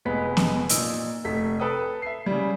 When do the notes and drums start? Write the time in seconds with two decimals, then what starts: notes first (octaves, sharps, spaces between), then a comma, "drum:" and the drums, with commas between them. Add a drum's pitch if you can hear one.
0.05 F1 G#3 B3 B4 B6
0.37 drum: snare B3
0.69 A#2 D#4 E6, drum: hi-hat
1.24 F1 A3 B6
1.60 A4 B4 G5 D#6
2.02 E5 C7
2.26 C#3 G3